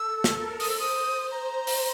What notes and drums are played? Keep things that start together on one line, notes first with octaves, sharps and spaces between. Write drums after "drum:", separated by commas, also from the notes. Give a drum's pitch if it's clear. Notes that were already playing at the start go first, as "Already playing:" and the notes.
Already playing: A4 E6
A#4, drum: snare
C5 D#6, drum: open hi-hat
E6
D#6
A#5
drum: open hi-hat